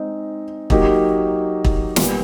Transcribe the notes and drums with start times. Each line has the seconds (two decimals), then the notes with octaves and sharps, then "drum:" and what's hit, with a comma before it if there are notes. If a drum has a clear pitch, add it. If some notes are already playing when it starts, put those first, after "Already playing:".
Already playing: G#3 C4 D#4
0.70 F#3 A#3 D#4 G4, drum: kick
1.65 drum: kick
1.96 A#2 G3 B3, drum: snare